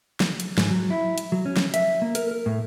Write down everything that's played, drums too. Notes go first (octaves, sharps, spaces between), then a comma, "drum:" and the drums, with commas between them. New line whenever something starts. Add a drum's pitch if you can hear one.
drum: snare
drum: hi-hat
G#2, drum: snare
F#3
E4
drum: hi-hat
F#3
C#4
drum: snare
E5, drum: hi-hat
A#3
A#4, drum: hi-hat
A#4
A2